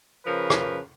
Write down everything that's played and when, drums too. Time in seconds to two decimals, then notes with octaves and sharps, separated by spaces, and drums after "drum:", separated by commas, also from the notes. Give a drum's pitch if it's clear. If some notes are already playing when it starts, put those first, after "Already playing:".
0.24 C#3 F3 A#4 B4
0.50 drum: rim click